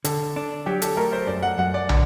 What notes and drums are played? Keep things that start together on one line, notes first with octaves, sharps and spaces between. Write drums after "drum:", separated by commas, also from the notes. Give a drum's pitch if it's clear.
D3 A4, drum: hi-hat
D4
F#3 G4
A4, drum: hi-hat
A3 A#4
C5
F#2 D5
F#5
F#2 F#5
D5
D3, drum: tom